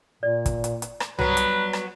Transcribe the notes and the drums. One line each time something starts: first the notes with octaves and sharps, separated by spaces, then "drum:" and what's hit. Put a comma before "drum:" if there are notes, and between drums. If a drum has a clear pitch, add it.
A#2 D5
drum: kick, hi-hat
drum: hi-hat
drum: hi-hat
drum: rim click
F#3 G3 B3 B4, drum: tom C2
drum: hi-hat
drum: rim click